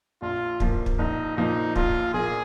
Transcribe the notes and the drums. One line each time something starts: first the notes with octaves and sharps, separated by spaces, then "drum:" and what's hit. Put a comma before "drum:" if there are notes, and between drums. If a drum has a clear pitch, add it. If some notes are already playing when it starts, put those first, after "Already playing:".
A#1 F4
A#2 F3 A#3, drum: kick
drum: kick
A#1 D#4
A#2 F3 A#3 D#4
A#1 F4, drum: kick
A#2 F3 A#3 G#4